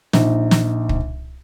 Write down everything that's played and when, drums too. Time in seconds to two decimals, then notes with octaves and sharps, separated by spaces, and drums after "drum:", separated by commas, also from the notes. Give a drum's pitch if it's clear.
0.13 A#1 D#4, drum: snare
0.51 drum: snare
0.89 drum: kick